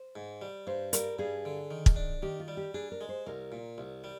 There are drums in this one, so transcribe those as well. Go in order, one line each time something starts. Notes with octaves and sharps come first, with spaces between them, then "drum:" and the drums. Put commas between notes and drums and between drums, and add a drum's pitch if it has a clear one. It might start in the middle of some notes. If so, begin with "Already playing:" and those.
Already playing: C5
G#2
G3
G2 C5
G3 A#4, drum: hi-hat
G2 G#4
D3
D#3
drum: kick
D4
D#3 G4
F4
G3
G4
D4 G#4
A#4
G#3
C5
C2 A#4
A#2
C2
G3